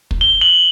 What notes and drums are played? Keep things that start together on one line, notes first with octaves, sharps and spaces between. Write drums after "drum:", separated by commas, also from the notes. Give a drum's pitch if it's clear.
drum: kick
G7
F#7